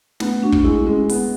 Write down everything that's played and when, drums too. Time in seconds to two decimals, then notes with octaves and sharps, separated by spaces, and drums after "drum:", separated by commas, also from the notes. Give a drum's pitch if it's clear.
0.20 A3 B3, drum: snare
0.43 D4 F#4
0.52 drum: kick
0.64 G#3 E4
0.86 G#3 C#4
1.09 B3, drum: open hi-hat